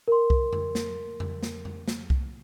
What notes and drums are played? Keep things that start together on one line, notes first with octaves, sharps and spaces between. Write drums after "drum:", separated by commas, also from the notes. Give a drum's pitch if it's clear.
A#4 C6
drum: kick C2
drum: tom F2
drum: snare
drum: tom F2
drum: snare
drum: tom F2
drum: snare
drum: kick C2